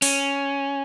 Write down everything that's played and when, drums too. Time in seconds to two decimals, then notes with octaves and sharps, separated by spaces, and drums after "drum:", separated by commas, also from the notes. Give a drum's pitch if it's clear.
0.02 C#4, drum: open hi-hat